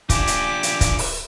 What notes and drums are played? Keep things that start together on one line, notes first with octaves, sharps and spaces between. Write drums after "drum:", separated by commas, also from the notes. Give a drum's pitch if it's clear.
D4 F4 G4 G#5 D6, drum: kick, hi-hat
drum: hi-hat
drum: hi-hat
drum: kick, hi-hat
drum: open hi-hat